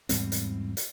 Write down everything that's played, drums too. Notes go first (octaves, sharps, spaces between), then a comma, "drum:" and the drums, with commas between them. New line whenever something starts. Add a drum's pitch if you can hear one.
E2 G#2 G3 C4, drum: hi-hat
drum: hi-hat
drum: hi-hat